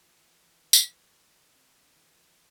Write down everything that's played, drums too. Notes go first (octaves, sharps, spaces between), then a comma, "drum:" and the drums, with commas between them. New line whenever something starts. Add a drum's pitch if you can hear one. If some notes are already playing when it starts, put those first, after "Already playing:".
Already playing: F3
E3
E3
E3
F3, drum: tambourine
A3
D3
C3
D3
E3
F3